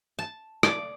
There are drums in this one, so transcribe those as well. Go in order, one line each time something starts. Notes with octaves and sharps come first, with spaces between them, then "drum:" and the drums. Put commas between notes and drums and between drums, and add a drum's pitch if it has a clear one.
A5
D5, drum: rim click